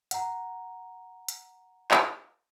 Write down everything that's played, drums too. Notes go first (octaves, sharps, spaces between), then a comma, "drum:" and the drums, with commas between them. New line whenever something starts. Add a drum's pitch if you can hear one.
F#5 A#5, drum: hi-hat
drum: hi-hat
drum: clap